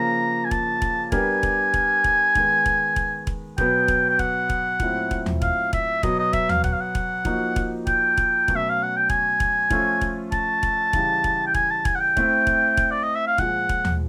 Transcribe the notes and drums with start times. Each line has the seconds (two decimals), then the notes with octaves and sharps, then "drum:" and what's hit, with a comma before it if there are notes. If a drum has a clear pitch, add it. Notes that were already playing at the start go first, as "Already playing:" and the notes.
Already playing: C#3 F3 A#3 A#5
0.45 G#5
0.51 A5, drum: kick E1
0.82 drum: kick E1
1.12 G3 B3 D4 G4 A#4 G#5, drum: kick E1
1.43 drum: kick E1
1.74 drum: kick E1
2.04 drum: kick E1
2.35 D#3 G#3 B3, drum: kick E1
2.66 drum: kick E1
2.96 drum: kick E1
3.27 drum: kick E1
3.58 B2 F#3 B3 G5, drum: kick E1
3.88 drum: kick E1
4.09 G5
4.19 F#5, drum: kick E1
4.50 drum: kick E1
4.80 A#2 F#3 A3 C4 E4, drum: kick E1
5.11 drum: kick E1
5.26 drum: tom D#2
5.42 F5, drum: kick E1
5.73 E5, drum: kick E1
6.03 B2 F#3 B3 D#5, drum: kick E1
6.19 D#5
6.33 E5, drum: kick E1
6.49 F5, drum: tom D#2
6.64 F#5, drum: kick E1
6.73 F5
6.80 F#5
6.95 drum: kick E1
7.25 F3 A#3 D#4 F#4, drum: kick E1
7.56 drum: kick E1
7.87 G5, drum: kick E1
8.17 drum: kick E1
8.48 B2 F#3 A3 C#4, drum: kick E1
8.56 E5
8.69 F5
8.83 F#5
8.97 G5
9.10 G#5, drum: kick E1
9.40 drum: kick E1
9.70 F3 A3 C#4 F4 A4, drum: kick E1
10.01 drum: kick E1
10.32 A5, drum: kick E1
10.63 drum: kick E1
10.93 C#3 E3 G3, drum: kick E1
11.24 drum: kick E1
11.47 G5
11.54 G#5, drum: kick E1
11.71 A5
11.85 G#5, drum: kick E1
11.95 F#5
12.00 G5
12.17 A3 C4 E4, drum: kick E1
12.47 drum: kick E1
12.77 drum: kick E1
12.91 D5
13.03 D#5
13.15 E5
13.27 F5
13.38 A#2 F3 G#3 F#5, drum: kick E1
13.69 drum: kick E1
13.85 drum: tom D#2